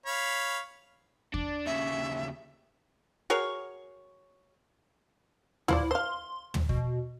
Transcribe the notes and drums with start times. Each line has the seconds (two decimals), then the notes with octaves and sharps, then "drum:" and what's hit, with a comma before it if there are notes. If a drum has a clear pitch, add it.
0.06 C#5 F5 B5
1.34 D4, drum: kick E2
1.66 D#2 C#3 E5
3.30 F#4 G#4 A#4 C#5
5.68 E4 F4 C5 D5, drum: tom
5.91 C5 F5 C6
6.54 drum: tom
6.69 B2, drum: kick E2